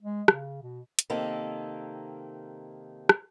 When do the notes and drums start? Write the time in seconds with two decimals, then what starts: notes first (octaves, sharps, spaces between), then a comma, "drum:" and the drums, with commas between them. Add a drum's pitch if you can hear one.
0.02 G#3
0.28 C#3, drum: rim click
0.63 B2
0.99 drum: hi-hat
1.10 C3 D#3 A#3 A4
3.09 drum: rim click